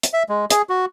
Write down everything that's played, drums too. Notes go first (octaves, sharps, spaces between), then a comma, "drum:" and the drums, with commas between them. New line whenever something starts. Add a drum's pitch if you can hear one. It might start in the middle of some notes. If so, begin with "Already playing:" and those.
drum: hi-hat
E5
G#3
G#4, drum: hi-hat
F#4